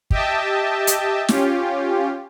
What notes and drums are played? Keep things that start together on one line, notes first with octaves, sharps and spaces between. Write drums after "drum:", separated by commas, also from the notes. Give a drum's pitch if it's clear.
G4 D#5 E5 G5 A5, drum: kick
drum: hi-hat
C#4 F4 G4, drum: snare